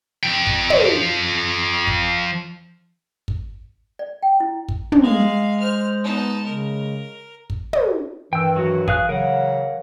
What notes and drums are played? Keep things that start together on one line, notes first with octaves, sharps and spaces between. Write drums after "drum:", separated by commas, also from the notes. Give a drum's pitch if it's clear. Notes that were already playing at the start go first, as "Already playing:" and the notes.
F3 G5
drum: kick
drum: tom
drum: kick
drum: kick
D5
G5
E4
drum: kick
drum: tom
G#3 F5
C5 F6
B3 D#4 A5
C#3 A#4
drum: kick
drum: tom
G2 D#3 E3 G5 E6
F#3 F#4
G#4 F5 F#6, drum: kick
C#3 E3 F#3 A#4 F5 F#5